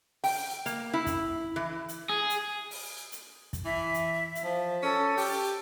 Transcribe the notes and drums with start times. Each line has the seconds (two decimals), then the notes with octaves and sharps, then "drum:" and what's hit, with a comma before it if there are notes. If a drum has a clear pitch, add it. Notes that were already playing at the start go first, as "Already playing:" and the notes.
0.24 G5, drum: open hi-hat
0.66 A#3, drum: hi-hat
0.93 E4
1.06 drum: kick, hi-hat
1.56 E3
1.89 drum: hi-hat
2.09 G#4
2.30 drum: hi-hat
2.71 drum: open hi-hat
3.12 drum: hi-hat
3.53 drum: kick, hi-hat
3.65 E3 E5
3.94 drum: hi-hat
4.35 drum: hi-hat
4.44 F3
4.83 C#4 A4
5.17 G4, drum: open hi-hat